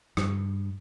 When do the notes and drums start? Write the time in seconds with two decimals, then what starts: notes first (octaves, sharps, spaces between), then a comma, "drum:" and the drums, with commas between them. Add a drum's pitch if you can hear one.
0.17 G2, drum: rim click